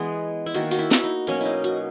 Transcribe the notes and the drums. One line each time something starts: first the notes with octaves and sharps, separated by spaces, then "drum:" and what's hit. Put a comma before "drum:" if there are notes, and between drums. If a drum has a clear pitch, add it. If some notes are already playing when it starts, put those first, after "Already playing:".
Already playing: E3 G#3 B3
E4
D#3 A#3 F#4, drum: hi-hat
F#4, drum: open hi-hat
E4
drum: snare
D#4
B2 F#3 A#3 C#4, drum: hi-hat
D#4 E4
F#4, drum: hi-hat